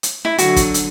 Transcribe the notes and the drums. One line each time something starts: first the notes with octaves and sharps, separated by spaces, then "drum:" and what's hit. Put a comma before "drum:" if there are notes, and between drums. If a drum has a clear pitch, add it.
drum: hi-hat
E4
D3 F#3 F#4, drum: hi-hat
drum: kick, hi-hat
drum: hi-hat